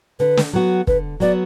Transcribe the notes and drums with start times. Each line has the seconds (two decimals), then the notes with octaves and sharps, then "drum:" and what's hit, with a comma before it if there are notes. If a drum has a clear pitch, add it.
0.20 D3 B4
0.37 drum: snare
0.53 F#3 B3 F#4
0.87 D3 B4, drum: kick
1.20 F#3 B3 F#4 D5